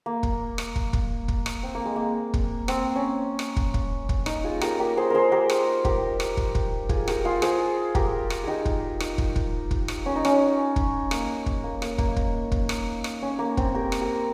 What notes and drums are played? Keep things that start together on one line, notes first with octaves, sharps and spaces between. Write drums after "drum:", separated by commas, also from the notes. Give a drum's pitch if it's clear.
A#3
drum: kick
drum: rim click
drum: kick
drum: kick
drum: kick
drum: rim click
C4
A#3
G#3
A#3
drum: kick
C4, drum: rim click
C#4
drum: rim click
drum: kick
drum: kick
drum: kick
D#4, drum: rim click
F4 G#4
G4 A#4, drum: rim click
G4 A#4
G#4 C5
G#4 A#4 C5
G4 A#4
drum: rim click
G4 A#4, drum: kick
drum: rim click
drum: kick
drum: kick
F4 G#4, drum: kick
G4 A#4, drum: rim click
F4 G#4
G#4 C5, drum: rim click
G4 A#4, drum: kick
drum: rim click
D#4 G4 G#4
drum: kick
D#4, drum: rim click
drum: kick
drum: kick
drum: kick
drum: rim click
C#4
D#4
C#4, drum: rim click
drum: kick
A#3, drum: rim click
drum: kick
A#3
A#3, drum: rim click
A#3, drum: kick
drum: kick
drum: kick
drum: rim click
drum: rim click
C#4
A#3
C4, drum: kick
G4 A#4
drum: rim click
G4 A#4